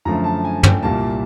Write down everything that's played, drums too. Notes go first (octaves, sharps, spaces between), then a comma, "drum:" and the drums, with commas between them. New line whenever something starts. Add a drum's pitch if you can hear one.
F#2 D3 F3 A3 A#5
A5
G#5
G5, drum: tom
C2 A#2 G3 A#3 A5